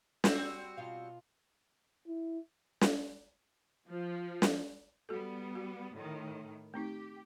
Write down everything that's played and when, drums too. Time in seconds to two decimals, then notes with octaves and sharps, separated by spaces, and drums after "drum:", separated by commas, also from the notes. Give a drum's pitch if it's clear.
0.24 G3 C4 F#4, drum: snare
0.77 B2 F4 F5
2.07 E4
2.81 drum: snare
3.90 F3
4.42 drum: snare
5.09 G3 B3 F#4 A4
5.55 F#4
5.92 A2 D#3
6.74 A3 C4 D#4 G4